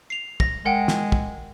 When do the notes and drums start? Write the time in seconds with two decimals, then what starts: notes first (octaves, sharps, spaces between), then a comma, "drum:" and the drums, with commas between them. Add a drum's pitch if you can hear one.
0.10 C7 F7
0.40 A#6, drum: kick
0.65 G#3 A#4 F#5 G5
0.88 drum: snare
1.12 drum: kick